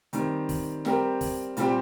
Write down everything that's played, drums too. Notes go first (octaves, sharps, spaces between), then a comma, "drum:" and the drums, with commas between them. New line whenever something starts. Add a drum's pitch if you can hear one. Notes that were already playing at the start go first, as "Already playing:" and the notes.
D#3 G3 C4, drum: hi-hat
drum: kick, open hi-hat
G3 C4 G4 A#4, drum: snare
drum: kick, open hi-hat
A#2 G3 C4 G4, drum: hi-hat